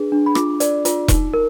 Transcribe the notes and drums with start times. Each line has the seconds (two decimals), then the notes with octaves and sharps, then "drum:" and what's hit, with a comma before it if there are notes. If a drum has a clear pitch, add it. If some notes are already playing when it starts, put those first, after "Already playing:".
Already playing: D4 G#4 B4
0.12 D4
0.26 B5
0.35 F4 D6, drum: rim click
0.60 D5, drum: hi-hat
0.85 F4, drum: hi-hat
1.08 D#4, drum: kick E1, hi-hat
1.34 A#4